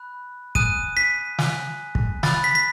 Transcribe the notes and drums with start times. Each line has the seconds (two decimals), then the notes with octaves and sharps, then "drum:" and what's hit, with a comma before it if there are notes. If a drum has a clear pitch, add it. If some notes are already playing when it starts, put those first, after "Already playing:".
Already playing: B5 F#6
0.55 G#5 D#6 F#6 D#7, drum: kick
0.97 B6
1.39 G#5 D#6 F#6, drum: snare
1.95 drum: kick
2.23 B5 D#6 F#6 A6, drum: snare
2.44 B6
2.55 B6